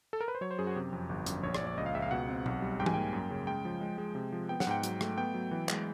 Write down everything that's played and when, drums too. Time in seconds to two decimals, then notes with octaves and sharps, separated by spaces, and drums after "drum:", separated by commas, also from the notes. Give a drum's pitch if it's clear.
0.13 A4
0.21 A#4
0.28 B4
0.35 C5
0.41 F#3 C#5
0.51 C5
0.59 F#2 G#4
0.67 F#4
0.76 C3 G4
0.93 F2
1.09 G1
1.26 F#2, drum: hi-hat
1.43 A#1 C#5
1.55 D5, drum: rim click
1.61 A#1
1.67 D5
1.77 C#2 D#5
1.86 F5
1.95 C#2 E5
2.02 F5
2.11 B2 F#5
2.29 C4
2.46 B1, drum: tom B2
2.62 G3
2.80 G#2 G5
2.86 G#5, drum: tom E3
2.94 A#3 G5
3.13 F#2
3.30 C#3
3.47 G#3 G5
3.65 F3
3.81 G#3
3.98 G#3
4.15 C3
4.32 F3
4.49 B3 G5
4.60 F#5, drum: snare
4.67 G#2 G5
4.83 F#3, drum: hi-hat
5.01 A3, drum: rim click
5.18 B3 G5
5.34 F#3
5.51 E3
5.69 G#3, drum: clap